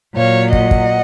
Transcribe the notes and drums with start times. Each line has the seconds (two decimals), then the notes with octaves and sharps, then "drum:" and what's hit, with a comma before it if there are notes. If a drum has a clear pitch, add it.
0.16 A#2 F#3 C#5 F5
0.53 D#5 F#5, drum: kick
0.71 drum: kick